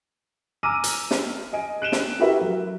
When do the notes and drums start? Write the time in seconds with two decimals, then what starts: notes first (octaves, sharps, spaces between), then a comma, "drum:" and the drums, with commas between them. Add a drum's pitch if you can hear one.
0.63 G#5 A#5 D6 E6 F6 D#7
0.84 drum: hi-hat
1.11 drum: snare
1.53 D#5 G#5 D7
1.82 F#6 D7 E7 G7
1.92 drum: snare
2.19 E4 F#4 G4 A#4 B4 E5
2.41 F#3